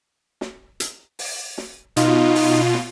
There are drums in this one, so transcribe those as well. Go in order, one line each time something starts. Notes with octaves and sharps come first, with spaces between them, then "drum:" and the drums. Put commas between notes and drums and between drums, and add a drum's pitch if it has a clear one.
drum: snare
drum: hi-hat
drum: open hi-hat
drum: snare
B2 D#4 F4, drum: hi-hat
drum: open hi-hat
drum: snare